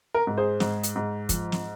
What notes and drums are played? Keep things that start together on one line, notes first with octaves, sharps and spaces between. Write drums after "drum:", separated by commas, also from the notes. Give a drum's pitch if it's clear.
A#4
G#2
G#4 C5
G#2, drum: snare
drum: hi-hat
G#2
F3, drum: kick, hi-hat
drum: snare